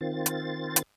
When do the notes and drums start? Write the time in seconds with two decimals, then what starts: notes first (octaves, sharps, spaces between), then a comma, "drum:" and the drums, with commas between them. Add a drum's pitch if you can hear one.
0.01 D#3 C4 F4 A6
0.26 drum: hi-hat
0.76 drum: hi-hat